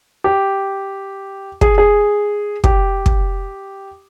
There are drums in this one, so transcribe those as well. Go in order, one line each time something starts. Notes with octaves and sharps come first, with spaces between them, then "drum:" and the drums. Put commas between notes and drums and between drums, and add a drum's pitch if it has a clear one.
G4
G#4, drum: kick
G#4
G4, drum: kick
drum: kick